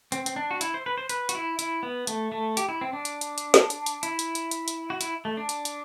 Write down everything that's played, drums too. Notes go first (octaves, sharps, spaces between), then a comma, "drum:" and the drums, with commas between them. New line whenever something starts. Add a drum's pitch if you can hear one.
C4, drum: hi-hat
C4, drum: hi-hat
D4
F#4
E4, drum: hi-hat
C5
B4
C5
B4, drum: hi-hat
F#4, drum: hi-hat
E4
E4, drum: hi-hat
B3
A3, drum: hi-hat
A3
G4, drum: hi-hat
E4
C4
D4
drum: hi-hat
drum: hi-hat
drum: hi-hat
drum: snare
drum: hi-hat
drum: hi-hat
E4, drum: hi-hat
drum: hi-hat
drum: hi-hat
drum: hi-hat
drum: hi-hat
F#4
E4, drum: hi-hat
A3
D4
drum: hi-hat
drum: hi-hat